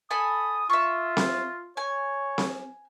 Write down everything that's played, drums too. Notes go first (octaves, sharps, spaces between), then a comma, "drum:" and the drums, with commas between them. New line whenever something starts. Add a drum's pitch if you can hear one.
A4 G#5 B5 D#6
F4 E5 C#6
drum: snare C4
C#5 G#5
drum: snare C4